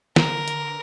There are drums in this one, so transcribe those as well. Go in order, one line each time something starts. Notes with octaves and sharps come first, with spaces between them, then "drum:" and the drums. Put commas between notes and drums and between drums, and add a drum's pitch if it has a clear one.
D3 A#4, drum: snare
drum: hi-hat